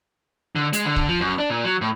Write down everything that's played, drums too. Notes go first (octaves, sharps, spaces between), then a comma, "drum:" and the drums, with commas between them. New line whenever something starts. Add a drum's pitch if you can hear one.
D3
G#3, drum: hi-hat
D3
drum: kick
F3
F#2
D4
A#2
F#3
A2